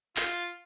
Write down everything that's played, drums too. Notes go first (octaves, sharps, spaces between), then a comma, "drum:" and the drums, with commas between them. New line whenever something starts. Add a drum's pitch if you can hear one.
F4, drum: clap